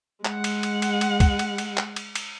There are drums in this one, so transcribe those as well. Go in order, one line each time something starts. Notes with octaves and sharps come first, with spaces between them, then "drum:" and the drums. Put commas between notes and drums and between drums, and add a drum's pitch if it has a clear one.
G#3 F#5, drum: clap
drum: cymbal
drum: cymbal
drum: cymbal
drum: cymbal
drum: kick C2, cymbal
drum: cymbal
drum: cymbal
drum: clap
drum: cymbal
drum: cymbal